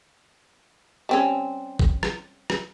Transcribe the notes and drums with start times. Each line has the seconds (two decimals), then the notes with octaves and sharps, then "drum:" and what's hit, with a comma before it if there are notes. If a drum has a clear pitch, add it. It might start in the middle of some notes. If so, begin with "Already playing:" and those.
1.09 G3 C4 C#4
1.79 drum: kick
2.03 drum: rim click
2.50 drum: rim click